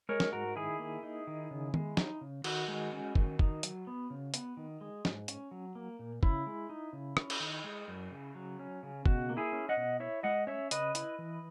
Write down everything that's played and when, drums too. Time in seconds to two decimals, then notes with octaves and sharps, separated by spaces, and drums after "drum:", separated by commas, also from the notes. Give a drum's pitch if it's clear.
0.09 G#3 A#4 C#5
0.20 drum: snare
0.32 G#2 F#4 A#4
0.56 D#3 E4 G#4
0.79 A#3
1.03 D#4
1.27 D#3
1.51 C#3
1.74 G#3, drum: tom D#3
1.97 D#4, drum: snare
2.21 C#3
2.44 D#3 F#4, drum: cymbal
2.68 G#3
2.93 C#4
3.15 D#3, drum: kick F#1
3.39 D#4, drum: kick F#1
3.63 F#3, drum: hi-hat
3.87 B3
4.10 C#3
4.34 B3, drum: hi-hat
4.57 D#3
4.81 G#3
5.05 G#2, drum: snare
5.28 C#4, drum: hi-hat
5.51 F#3
5.75 A#3
5.99 A#2
6.23 C#3 E4, drum: kick F#1
6.46 G#3
6.69 D#4
6.93 C#3
7.17 C#4, drum: rim click
7.30 drum: cymbal
7.40 D#3
7.64 G#3
7.88 F#2
8.11 C#3
8.35 F#3
8.59 C#4
8.83 C#3
9.06 B2 F#4, drum: kick F#1
9.29 A#3
9.37 E4 G#4
9.53 C#4
9.69 D#5 F#5
9.77 B2
10.00 E4 C#5 E5
10.23 G#3 D#5 F#5
10.47 C#4 C#5 E5
10.71 C#3 B4 D#5, drum: hi-hat
10.95 E4, drum: hi-hat
11.19 E3